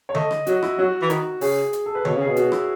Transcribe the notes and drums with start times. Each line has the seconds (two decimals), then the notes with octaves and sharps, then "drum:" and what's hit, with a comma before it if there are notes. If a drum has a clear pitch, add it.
0.09 C#5
0.15 A3 D#5, drum: tom D3
0.31 drum: rim click
0.47 F#3 F#4, drum: hi-hat
0.63 E4, drum: rim click
0.78 F#3 F#4
1.02 E3
1.10 D#3, drum: hi-hat
1.41 C#3 G#4, drum: open hi-hat
1.73 drum: hi-hat
1.86 A4
1.95 B4
2.05 B2 C#5, drum: tom D3
2.16 C#3 G#4
2.28 B2
2.36 F#4, drum: hi-hat
2.52 E4, drum: rim click